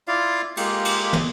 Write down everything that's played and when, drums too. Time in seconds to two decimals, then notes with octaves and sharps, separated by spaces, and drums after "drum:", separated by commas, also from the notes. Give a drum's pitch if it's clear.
0.08 E4 F4 D5 F5
0.57 G#3 A#3 F4 G4, drum: cymbal
0.85 drum: cymbal
1.13 drum: tom